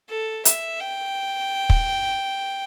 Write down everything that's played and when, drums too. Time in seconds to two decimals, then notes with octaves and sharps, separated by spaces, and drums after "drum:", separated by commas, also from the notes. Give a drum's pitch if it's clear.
0.09 A4
0.45 E5, drum: hi-hat
0.80 G5
1.70 drum: kick